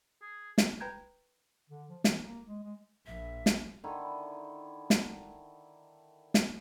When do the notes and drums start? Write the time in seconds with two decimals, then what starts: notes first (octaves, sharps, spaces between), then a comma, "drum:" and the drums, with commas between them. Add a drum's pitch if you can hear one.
0.22 G#4
0.58 drum: snare
0.80 B4 G5 A#5 G6 G#6
1.70 D3
1.89 F3
2.04 E3, drum: snare
2.22 A#3
2.45 G#3
2.63 G#3
3.06 A#1 E5
3.46 drum: snare
3.84 D3 D#3 E4 B5
4.90 drum: snare
6.34 drum: snare